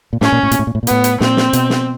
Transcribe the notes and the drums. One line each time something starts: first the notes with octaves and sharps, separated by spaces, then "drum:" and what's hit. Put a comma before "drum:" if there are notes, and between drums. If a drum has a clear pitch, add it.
A#2
A2 C#4, drum: snare
A#2
A2
A#2, drum: hi-hat
A2
A#2
A2
A#2
A2 B3, drum: hi-hat
drum: hi-hat
A#2 C4, drum: snare
drum: snare
B2, drum: hi-hat
drum: snare